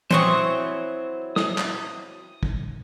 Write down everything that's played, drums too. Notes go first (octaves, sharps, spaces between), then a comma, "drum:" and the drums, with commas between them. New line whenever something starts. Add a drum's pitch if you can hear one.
E3 F#3 C4 C5 C6 C#6 D#6, drum: tom E3
D#6, drum: snare
drum: clap
drum: kick